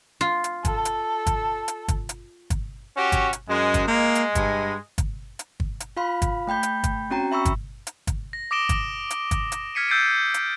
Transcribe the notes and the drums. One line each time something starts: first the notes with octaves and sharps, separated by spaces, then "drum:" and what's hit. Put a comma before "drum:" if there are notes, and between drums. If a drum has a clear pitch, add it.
F4
drum: hi-hat
A4, drum: kick, hi-hat
drum: hi-hat
drum: kick, hi-hat
drum: hi-hat
drum: kick, hi-hat
drum: hi-hat
drum: kick, hi-hat
C#4 F#4 G4
drum: kick, hi-hat
drum: hi-hat
F#2 G#3
drum: kick, hi-hat
G#3 A#3
drum: hi-hat
G2, drum: kick, hi-hat
drum: kick, hi-hat
drum: hi-hat
drum: kick
drum: hi-hat
F4 F5 B5 C6
drum: kick, hi-hat
A3 G5 B5 G6
drum: hi-hat
drum: kick, hi-hat
C4 C#4 F#4 G5 A#5
E5 B5 C#6 E6
drum: kick, hi-hat
drum: hi-hat
drum: kick, hi-hat
A#6
D6 D#6 A#6 D7 E7 G7
drum: kick, hi-hat
drum: hi-hat
drum: kick, hi-hat
drum: hi-hat
F6 G#6 B6 C#7 D#7
E6 G6 A6 C7 D7 D#7
drum: hi-hat